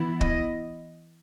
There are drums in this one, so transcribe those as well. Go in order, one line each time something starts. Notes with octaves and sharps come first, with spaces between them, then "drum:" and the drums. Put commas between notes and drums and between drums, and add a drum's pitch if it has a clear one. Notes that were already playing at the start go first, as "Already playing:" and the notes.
Already playing: E3 B3 E4
D#5, drum: kick